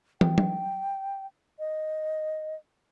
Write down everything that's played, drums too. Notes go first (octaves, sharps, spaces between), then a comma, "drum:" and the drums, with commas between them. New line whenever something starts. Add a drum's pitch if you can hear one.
G5, drum: tom
drum: tom F#3
D#5